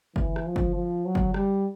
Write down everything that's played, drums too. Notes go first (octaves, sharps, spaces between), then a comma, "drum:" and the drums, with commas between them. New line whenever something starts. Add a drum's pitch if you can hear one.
E3, drum: kick G1
drum: rim click
F3
drum: kick G1
F3
F#3
drum: kick G1
G3, drum: rim click